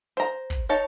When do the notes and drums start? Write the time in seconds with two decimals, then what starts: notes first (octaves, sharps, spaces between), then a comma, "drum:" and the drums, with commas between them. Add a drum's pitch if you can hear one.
0.17 C5 A#5
0.50 drum: kick
0.69 D#4 C#5 A5